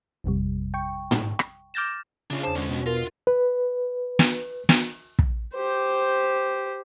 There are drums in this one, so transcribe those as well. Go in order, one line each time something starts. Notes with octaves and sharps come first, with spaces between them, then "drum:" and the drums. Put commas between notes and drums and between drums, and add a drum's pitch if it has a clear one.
A1 F2 C3 G3
G5 C#6
drum: tom
drum: rim click
D6 F6 G6 A6 A#6 E7
C#3 D4 F4
E2 D4 C5 A5
D3 G#3 C#4
B2
F4 A#4
B4
drum: snare
drum: snare
drum: kick
G4 C5